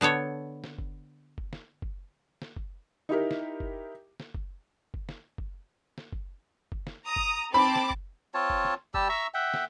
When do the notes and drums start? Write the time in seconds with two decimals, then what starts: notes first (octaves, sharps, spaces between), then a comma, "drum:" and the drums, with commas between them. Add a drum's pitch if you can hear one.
0.01 D3 B3 A4 C#5
0.64 drum: snare
0.78 drum: kick F#1
1.38 drum: kick F#1
1.53 drum: snare
1.82 drum: kick F#1
2.42 drum: snare
2.56 drum: kick F#1
3.09 D#4 E4 G4 A#4
3.31 drum: snare
3.60 drum: kick F#1
4.20 drum: snare
4.35 drum: kick F#1
4.94 drum: kick F#1
5.09 drum: snare
5.38 drum: kick F#1
5.98 drum: snare
6.13 drum: kick F#1
6.72 drum: kick F#1
6.87 drum: snare
7.06 A#5 D#6
7.16 drum: kick F#1
7.54 C4 A5 B5 D6
7.76 drum: snare
7.91 drum: kick F#1
8.34 C4 F4 C#5 A5
8.50 drum: kick F#1
8.65 drum: snare
8.94 G3 G4 A5 E6, drum: kick F#1
9.09 E5 A#5 C#6 E6
9.34 E5 F#5 G5
9.54 drum: snare